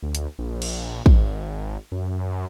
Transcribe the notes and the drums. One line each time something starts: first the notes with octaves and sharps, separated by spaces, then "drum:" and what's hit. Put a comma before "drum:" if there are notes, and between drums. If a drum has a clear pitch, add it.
D2
drum: hi-hat
A#1
drum: cymbal
G#1, drum: kick
F#2